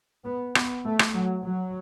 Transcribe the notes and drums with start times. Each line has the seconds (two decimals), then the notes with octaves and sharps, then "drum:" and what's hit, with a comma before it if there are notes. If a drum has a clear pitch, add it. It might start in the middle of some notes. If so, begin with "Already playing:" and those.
0.25 B3
0.55 B3, drum: rim click
0.85 A3
0.99 drum: rim click
1.14 F#3
1.43 F#3